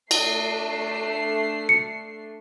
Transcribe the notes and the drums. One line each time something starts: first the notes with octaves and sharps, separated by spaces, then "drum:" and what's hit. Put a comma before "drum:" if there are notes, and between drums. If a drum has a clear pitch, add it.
A3 D4 C7, drum: cymbal
C#7